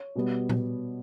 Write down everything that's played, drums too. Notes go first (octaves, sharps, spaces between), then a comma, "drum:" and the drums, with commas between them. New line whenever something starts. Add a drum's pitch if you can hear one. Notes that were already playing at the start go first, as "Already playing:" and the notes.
Already playing: C#5
B2 G3 B3
drum: tom A#2